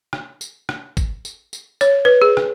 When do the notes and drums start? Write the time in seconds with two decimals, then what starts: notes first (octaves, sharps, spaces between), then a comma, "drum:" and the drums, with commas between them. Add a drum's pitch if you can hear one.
0.13 drum: rim click
0.41 drum: tambourine
0.69 drum: rim click
0.97 drum: kick, tambourine
1.25 drum: tambourine
1.53 drum: tambourine
1.81 C#5, drum: tambourine
2.05 B4
2.22 G#4
2.37 drum: rim click